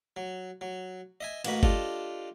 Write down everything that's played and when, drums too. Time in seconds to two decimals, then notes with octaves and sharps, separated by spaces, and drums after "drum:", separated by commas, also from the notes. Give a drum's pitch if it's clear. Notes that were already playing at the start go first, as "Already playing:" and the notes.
0.16 F#3
0.61 F#3
1.21 D#5 E5 G#5
1.45 A1 A#3 F#4 B4 D#5 B5, drum: cymbal
1.63 D4 F4 G4 A4 D#5, drum: kick G1